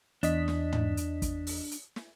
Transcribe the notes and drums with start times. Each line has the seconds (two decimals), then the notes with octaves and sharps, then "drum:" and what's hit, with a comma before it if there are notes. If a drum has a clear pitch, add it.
0.23 E2 D4 D#5 B6, drum: hi-hat
0.48 drum: snare
0.72 drum: tom
0.97 drum: hi-hat
1.22 drum: kick, hi-hat
1.47 drum: open hi-hat
1.71 drum: hi-hat
1.96 drum: snare